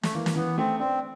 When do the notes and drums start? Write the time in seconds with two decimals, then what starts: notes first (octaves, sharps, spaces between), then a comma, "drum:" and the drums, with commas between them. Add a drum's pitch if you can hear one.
0.03 A3, drum: snare
0.14 E3 A#3
0.26 drum: snare
0.36 E3 B3
0.58 A3 C4
0.80 C4 D4